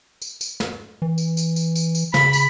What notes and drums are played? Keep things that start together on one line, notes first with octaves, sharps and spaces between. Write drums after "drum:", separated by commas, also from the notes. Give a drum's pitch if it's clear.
drum: tambourine
drum: tambourine
drum: snare
E3
drum: tambourine
drum: tambourine
drum: tambourine
drum: tambourine
drum: tambourine
C#3 B5, drum: snare
drum: tambourine